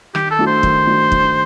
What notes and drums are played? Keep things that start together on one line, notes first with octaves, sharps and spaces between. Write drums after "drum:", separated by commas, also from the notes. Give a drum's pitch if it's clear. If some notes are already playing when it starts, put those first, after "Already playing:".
D#3 G4, drum: rim click
A4
A3 D4 F#4
C5
D#3, drum: kick
A3 D4 F#4
D#3, drum: kick